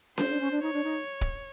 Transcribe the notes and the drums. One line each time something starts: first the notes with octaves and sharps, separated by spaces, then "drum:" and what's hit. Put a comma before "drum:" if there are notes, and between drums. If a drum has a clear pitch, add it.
D4 C5, drum: snare C#4
D4
C#4
D4
D#4 C#5
D4
D#4
drum: kick D1